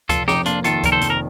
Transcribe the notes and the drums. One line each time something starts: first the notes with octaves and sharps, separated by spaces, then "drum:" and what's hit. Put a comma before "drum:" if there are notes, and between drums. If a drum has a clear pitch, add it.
F1 F4 A4, drum: kick C#2, hi-hat
F2 D#4 G4, drum: snare
A#3 D4 F4, drum: hi-hat
D#3 F4 A4, drum: hi-hat
F1 A#4, drum: kick C#2, hi-hat
A4 C5
F2, drum: hi-hat
A#4